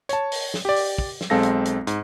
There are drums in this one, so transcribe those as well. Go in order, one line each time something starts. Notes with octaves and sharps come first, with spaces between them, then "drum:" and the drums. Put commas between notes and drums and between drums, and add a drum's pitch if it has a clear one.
C#5 A5, drum: hi-hat
drum: open hi-hat
drum: snare
G4 D5
drum: open hi-hat
drum: kick
drum: snare
B1 G#3 C4 A4 F5 A#6
drum: hi-hat
drum: hi-hat
G#2, drum: hi-hat